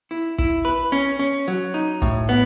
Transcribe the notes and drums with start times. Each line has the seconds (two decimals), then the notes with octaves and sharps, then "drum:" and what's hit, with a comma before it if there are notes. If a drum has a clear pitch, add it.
0.11 E4
0.38 E4, drum: kick
0.65 B4
0.92 C#4
1.19 C#4
1.48 F#3
1.74 D#4
2.02 A2, drum: kick
2.29 B3